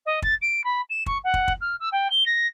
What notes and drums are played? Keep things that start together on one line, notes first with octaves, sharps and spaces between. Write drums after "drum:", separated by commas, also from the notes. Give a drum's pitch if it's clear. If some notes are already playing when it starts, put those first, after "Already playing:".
D#5
A6, drum: kick
D7
B5
E7
C#6, drum: kick
F#5
drum: kick
drum: kick
F6
E6
G5
G7
A#6